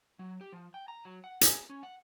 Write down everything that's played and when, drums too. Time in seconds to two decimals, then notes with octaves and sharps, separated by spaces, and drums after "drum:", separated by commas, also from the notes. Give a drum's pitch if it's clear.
0.19 F#3
0.41 G4
0.53 F3
0.74 G5
0.88 A#5
1.05 F#3
1.24 F#5
1.41 G#4, drum: hi-hat
1.70 C#4
1.83 F#5